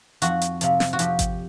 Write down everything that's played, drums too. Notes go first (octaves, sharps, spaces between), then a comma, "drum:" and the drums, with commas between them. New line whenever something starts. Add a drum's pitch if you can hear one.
F2 F#4, drum: hi-hat
drum: hi-hat
C3 F3, drum: hi-hat
drum: snare
F#4
F2 G4, drum: hi-hat
drum: kick G#1, hi-hat